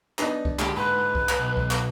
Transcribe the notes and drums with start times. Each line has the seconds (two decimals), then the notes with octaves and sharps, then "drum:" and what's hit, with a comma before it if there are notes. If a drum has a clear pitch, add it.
0.19 B3 D4 D#4 D5, drum: clap
0.45 drum: kick C2
0.59 A#2 D3 G#3 G4, drum: clap
0.76 G#2 B4 B5 C6
1.15 drum: kick C2
1.29 drum: clap
1.39 B1
1.57 drum: kick C2
1.71 drum: clap